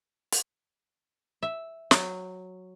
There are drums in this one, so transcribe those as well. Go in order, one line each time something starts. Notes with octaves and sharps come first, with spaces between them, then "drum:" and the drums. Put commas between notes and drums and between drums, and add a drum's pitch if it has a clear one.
drum: hi-hat
E5
F#3, drum: snare